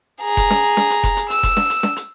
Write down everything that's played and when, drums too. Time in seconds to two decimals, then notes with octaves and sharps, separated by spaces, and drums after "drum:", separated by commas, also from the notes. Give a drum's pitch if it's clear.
0.22 G#4 A#5
0.37 drum: kick F1, hi-hat
0.50 drum: snare
0.77 drum: snare
0.90 drum: hi-hat
1.03 drum: kick F1, hi-hat
1.17 drum: hi-hat
1.30 E6, drum: hi-hat
1.43 drum: kick F1, hi-hat
1.57 drum: snare
1.70 drum: hi-hat
1.83 drum: snare
1.96 drum: hi-hat